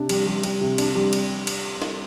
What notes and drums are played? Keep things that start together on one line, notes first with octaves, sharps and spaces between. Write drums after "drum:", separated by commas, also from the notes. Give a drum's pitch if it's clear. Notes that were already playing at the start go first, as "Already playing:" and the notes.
Already playing: C3 D4
G3, drum: cymbal
G3
G3, drum: cymbal
C3
D4, drum: cymbal
G3
drum: cymbal
drum: cymbal
drum: snare